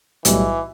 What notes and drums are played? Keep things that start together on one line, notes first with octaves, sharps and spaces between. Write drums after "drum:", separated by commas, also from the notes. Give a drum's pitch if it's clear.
B1 A2 E3 G3, drum: hi-hat